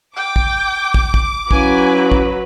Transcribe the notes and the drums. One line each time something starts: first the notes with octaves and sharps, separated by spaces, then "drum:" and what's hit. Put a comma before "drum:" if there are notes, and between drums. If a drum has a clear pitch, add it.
G5 D6
drum: kick
drum: kick
drum: kick
F#3 C#4 E4 B4 F5 G#5, drum: kick
drum: kick